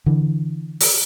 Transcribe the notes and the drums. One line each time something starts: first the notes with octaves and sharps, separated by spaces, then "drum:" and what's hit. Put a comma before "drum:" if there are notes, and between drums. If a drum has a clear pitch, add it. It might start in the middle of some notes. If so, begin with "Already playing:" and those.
D3 E3
drum: open hi-hat